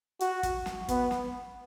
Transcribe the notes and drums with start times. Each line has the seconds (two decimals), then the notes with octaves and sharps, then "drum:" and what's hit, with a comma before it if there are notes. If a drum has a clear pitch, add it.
0.20 F#4, drum: hi-hat
0.43 drum: kick, hi-hat
0.66 drum: snare
0.89 B3, drum: kick, hi-hat
1.11 drum: snare